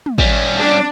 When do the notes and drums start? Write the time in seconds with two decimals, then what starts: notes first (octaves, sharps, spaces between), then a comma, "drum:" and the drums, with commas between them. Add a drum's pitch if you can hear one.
0.06 drum: tom
0.18 G3 C#4, drum: kick
0.60 D4